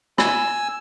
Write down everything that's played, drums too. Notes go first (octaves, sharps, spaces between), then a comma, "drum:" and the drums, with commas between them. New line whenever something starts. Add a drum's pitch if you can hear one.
G#5 E6, drum: rim click